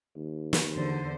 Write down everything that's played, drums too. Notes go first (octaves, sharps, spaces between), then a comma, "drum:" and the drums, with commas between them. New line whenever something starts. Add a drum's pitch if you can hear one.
D#2
drum: snare
E2 D3 C5